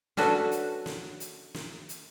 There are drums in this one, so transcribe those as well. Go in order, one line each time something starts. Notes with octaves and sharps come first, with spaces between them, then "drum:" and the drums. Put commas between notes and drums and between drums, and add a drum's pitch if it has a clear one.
C#4 D4 F#4 A4 B4, drum: snare
drum: hi-hat
drum: snare
drum: hi-hat
drum: snare
drum: hi-hat